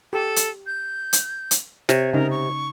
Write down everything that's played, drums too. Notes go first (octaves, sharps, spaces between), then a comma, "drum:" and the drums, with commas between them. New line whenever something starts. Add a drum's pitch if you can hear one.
G4 A4
drum: hi-hat
G6
drum: hi-hat
drum: hi-hat
C3 C#5, drum: snare
C#3 D#4 A#4
C#6